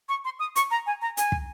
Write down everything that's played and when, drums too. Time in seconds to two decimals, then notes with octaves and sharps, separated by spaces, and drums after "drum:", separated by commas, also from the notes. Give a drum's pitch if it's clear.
0.09 C#6
0.25 C6
0.39 D#6
0.56 C#6, drum: hi-hat
0.71 A#5
0.86 G#5
1.01 A#5
1.17 G#5, drum: hi-hat
1.32 drum: kick